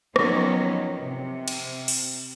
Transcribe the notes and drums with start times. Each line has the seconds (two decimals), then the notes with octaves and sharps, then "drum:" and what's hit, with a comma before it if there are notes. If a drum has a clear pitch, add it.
0.16 D#3 F3 F#3 B3 C#4 D#4, drum: rim click
0.98 C3
1.48 drum: cymbal
1.88 drum: open hi-hat